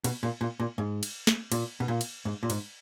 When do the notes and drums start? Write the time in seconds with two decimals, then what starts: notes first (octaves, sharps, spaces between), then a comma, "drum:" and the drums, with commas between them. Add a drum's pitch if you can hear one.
0.04 B2, drum: cymbal
0.23 A#2
0.41 A#2
0.60 A#2
0.78 G#2
1.03 drum: cymbal
1.27 drum: snare
1.52 A#2, drum: cymbal
1.80 B2
1.88 A#2
2.01 drum: cymbal
2.25 G#2
2.43 A#2
2.50 G#2, drum: cymbal